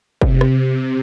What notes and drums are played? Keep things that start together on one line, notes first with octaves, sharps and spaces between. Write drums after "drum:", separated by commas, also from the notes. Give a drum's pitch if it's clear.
C3, drum: kick
drum: rim click